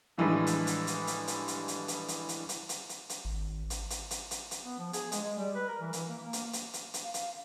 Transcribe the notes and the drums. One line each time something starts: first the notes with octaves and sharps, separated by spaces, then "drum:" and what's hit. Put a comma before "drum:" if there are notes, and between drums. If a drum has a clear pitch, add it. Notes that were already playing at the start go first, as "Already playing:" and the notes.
A2 D3 E3 F3 G3 G#3
drum: hi-hat
drum: hi-hat
drum: hi-hat
drum: hi-hat
drum: hi-hat
drum: hi-hat
drum: hi-hat
drum: hi-hat
drum: hi-hat
drum: hi-hat
drum: hi-hat
drum: hi-hat
drum: hi-hat
drum: hi-hat
G#1
drum: hi-hat
drum: hi-hat
drum: hi-hat
drum: hi-hat
drum: hi-hat
B3
F3
G#4, drum: hi-hat
G#3, drum: hi-hat
G#3
G3
B4
A#4
E3
E3, drum: hi-hat
A#3
A#3
drum: hi-hat
drum: hi-hat
drum: hi-hat
drum: hi-hat
F5
drum: hi-hat